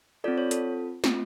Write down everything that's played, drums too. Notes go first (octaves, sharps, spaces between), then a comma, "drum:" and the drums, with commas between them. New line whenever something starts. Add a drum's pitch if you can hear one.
C4 F4 A4 D5
C#5
A4, drum: hi-hat
A3 C4 F4, drum: snare